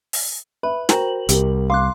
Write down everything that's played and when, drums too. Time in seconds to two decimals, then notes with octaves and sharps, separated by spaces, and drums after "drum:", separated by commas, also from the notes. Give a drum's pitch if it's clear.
0.13 drum: open hi-hat
0.63 B4 E5 B5
0.89 F#4 A#4 C5 G5 A#5 F#7, drum: snare
1.29 C2 G4 A#4, drum: hi-hat
1.70 F5 C6 D6 F#6